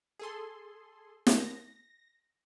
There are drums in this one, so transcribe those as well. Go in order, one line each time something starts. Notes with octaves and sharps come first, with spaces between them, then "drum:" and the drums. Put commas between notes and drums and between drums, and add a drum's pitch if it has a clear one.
G#4 A4 C6
drum: snare
A#6